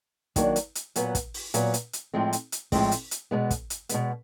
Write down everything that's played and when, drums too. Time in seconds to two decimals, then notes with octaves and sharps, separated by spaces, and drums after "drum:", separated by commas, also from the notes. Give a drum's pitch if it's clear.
0.36 D#3 F#3 A#3 D4, drum: kick, hi-hat
0.56 drum: hi-hat
0.75 drum: hi-hat
0.96 A#2 F#3 B3, drum: hi-hat
1.15 drum: kick, hi-hat
1.34 drum: open hi-hat
1.54 A#2 F#3 B3, drum: hi-hat
1.74 drum: hi-hat
1.93 drum: hi-hat
2.13 A2 F3 G#3 C4
2.33 drum: hi-hat
2.52 drum: hi-hat
2.72 A2 F3 G#3 C4, drum: kick, open hi-hat
2.92 drum: hi-hat
3.11 drum: hi-hat
3.31 B2 G#3 B3
3.51 drum: kick, hi-hat
3.70 drum: hi-hat
3.89 B2 G#3 B3, drum: hi-hat